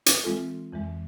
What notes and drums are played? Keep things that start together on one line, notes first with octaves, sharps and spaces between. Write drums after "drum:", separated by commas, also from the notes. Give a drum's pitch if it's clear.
drum: hi-hat
E3 G#3 C4 F4 A4
F2 E3 G#3